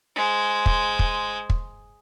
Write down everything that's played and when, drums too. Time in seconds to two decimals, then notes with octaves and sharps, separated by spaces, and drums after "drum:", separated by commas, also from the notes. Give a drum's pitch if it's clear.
0.15 G#3 C5
0.66 drum: kick
0.99 drum: kick
1.50 drum: kick